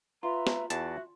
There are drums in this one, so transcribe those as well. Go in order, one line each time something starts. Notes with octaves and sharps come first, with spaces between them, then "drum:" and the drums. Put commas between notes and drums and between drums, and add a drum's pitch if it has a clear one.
F4 B4 E5 A#5
drum: snare
E2 F#4 E5 A5, drum: hi-hat